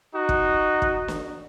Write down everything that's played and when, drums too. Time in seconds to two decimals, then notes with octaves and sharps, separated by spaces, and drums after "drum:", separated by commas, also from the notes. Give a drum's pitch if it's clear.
0.16 D#4 F#4
0.29 drum: kick
0.82 drum: kick
1.08 drum: snare